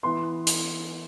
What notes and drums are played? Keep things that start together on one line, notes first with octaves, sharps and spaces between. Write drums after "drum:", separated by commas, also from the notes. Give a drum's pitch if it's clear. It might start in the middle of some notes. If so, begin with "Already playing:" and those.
E3 B3 C6
drum: hi-hat